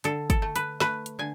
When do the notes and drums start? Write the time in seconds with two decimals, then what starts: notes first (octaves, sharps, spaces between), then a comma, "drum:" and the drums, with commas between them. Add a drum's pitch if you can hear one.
0.04 D3 A4, drum: hi-hat
0.30 A4, drum: kick, hi-hat
0.42 A3
0.56 B4, drum: hi-hat
0.80 A3 B4, drum: snare
1.06 drum: hi-hat
1.19 D3 G#5